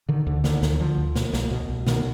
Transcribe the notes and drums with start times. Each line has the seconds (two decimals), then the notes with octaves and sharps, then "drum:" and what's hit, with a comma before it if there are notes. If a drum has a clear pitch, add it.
0.09 D3 D#3
0.26 D2 D3
0.44 D3 D#3, drum: snare
0.62 D2, drum: snare
0.72 D#3
0.80 D3 F3
0.98 D2
1.16 B2, drum: snare
1.33 C2, drum: snare
1.51 B2
1.69 C2
1.87 B2 D#3, drum: snare